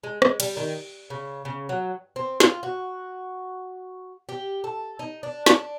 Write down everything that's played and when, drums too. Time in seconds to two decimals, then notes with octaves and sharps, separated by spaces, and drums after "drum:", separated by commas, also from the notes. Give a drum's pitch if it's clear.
0.04 G#3
0.22 G#3, drum: rim click
0.40 G3, drum: cymbal
0.57 D#3
1.10 C#3
1.45 C#3
1.69 F#3
2.16 C4
2.40 F4, drum: snare
2.63 F#4
4.29 G4
4.64 A4
4.99 D#4
5.23 D4
5.46 D4, drum: snare